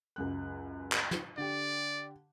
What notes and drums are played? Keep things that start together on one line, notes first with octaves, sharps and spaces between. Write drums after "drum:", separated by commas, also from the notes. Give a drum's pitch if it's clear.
C#2 F#2 F#6
drum: clap
drum: snare
D3 G4 D5